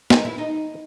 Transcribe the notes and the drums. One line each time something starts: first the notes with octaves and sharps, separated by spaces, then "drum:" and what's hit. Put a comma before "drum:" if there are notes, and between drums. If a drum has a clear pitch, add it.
D#3 G#3 B3 D#4, drum: snare
E4
D#4